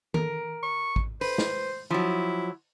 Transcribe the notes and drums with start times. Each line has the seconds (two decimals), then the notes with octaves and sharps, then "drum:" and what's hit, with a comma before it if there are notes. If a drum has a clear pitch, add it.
0.14 A#4, drum: tom D#3
0.63 C#6
0.96 drum: kick A1
1.21 B4 C5, drum: open hi-hat
1.38 drum: snare
1.90 F3 F#3 E4